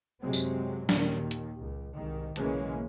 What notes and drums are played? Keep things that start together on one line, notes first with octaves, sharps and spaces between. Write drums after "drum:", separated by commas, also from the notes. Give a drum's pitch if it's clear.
F#2 C3 F#3 G#3 C4
drum: tambourine
D#2 A#2 D#3, drum: snare
drum: hi-hat
C#2
C2 G#2 D#3
B1 C#3 E3 G#3 A#3 C#4, drum: hi-hat